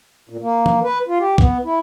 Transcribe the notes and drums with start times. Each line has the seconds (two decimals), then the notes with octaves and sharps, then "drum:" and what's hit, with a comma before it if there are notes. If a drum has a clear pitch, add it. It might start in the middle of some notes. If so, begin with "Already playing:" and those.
0.29 A#2
0.42 A#3
0.66 drum: tom
0.84 B4
1.08 F4
1.19 G4
1.38 B3, drum: kick
1.65 E4